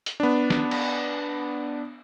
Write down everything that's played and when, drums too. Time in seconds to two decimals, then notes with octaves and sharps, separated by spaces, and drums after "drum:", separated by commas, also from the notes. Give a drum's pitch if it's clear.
0.06 drum: hi-hat
0.20 B3 D4
0.50 drum: snare
0.71 drum: cymbal